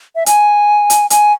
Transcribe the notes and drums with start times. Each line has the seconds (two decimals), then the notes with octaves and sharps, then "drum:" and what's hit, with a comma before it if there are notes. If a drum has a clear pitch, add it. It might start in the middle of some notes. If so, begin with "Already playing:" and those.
0.15 E5
0.26 G#5, drum: hi-hat
0.90 drum: hi-hat
1.10 G#5, drum: hi-hat